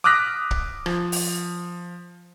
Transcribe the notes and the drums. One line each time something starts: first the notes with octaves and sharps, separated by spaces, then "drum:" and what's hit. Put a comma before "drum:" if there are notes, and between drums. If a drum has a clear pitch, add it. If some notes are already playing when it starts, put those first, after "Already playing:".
D6 D#6 F6 F#6 A#6 B6
drum: kick
F3, drum: rim click
drum: open hi-hat